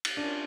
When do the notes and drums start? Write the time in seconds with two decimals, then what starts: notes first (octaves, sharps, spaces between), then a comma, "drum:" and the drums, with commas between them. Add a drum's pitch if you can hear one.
0.05 drum: cymbal
0.17 C#4 D4 F4 A#4